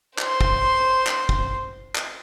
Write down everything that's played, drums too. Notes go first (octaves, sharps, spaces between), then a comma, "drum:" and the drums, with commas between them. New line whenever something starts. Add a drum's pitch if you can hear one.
C5 C6, drum: clap
drum: kick
drum: clap
drum: kick
drum: clap